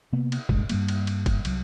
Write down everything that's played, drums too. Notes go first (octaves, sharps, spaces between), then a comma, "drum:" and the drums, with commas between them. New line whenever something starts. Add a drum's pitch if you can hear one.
C3 A#3 B3
drum: cymbal
C2 G2 A#2 G#3, drum: kick
G2 G3 A#3, drum: cymbal
drum: cymbal
drum: cymbal
drum: kick, cymbal
C2 F#3, drum: cymbal